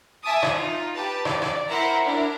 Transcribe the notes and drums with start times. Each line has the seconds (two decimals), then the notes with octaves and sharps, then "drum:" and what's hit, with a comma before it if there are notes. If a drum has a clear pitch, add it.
0.23 E5 G#5 A5 D6 D#6
0.43 drum: rim click
0.54 D#4 F4
0.96 G4 B4 A5
1.25 D5, drum: rim click
1.42 drum: rim click
1.69 E4 A#4 C5 E5 F#5 A#5
2.06 D4 E4 A#4